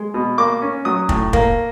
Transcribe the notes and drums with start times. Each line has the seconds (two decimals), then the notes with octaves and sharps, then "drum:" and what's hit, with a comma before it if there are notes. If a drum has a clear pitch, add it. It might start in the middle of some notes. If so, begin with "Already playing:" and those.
Already playing: G#3
0.14 B2
0.38 A#3 D6
0.62 C#4
0.85 F#3 D#6
1.09 A2, drum: kick
1.33 A#3, drum: kick